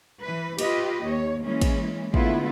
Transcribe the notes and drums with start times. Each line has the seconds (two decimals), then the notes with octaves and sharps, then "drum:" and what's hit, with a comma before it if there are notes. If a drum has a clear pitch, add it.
0.22 E3 B4
0.59 F4 G4 B4 D#5, drum: cymbal
1.06 D#2 C#5
1.44 E3 G#3 A#3 C#4
1.61 drum: kick, cymbal
2.14 D3 G#3 A3 B3 E4 F4, drum: kick